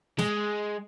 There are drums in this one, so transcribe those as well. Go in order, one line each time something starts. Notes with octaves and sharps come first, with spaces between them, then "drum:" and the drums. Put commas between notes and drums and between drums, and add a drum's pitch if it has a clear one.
G#3, drum: snare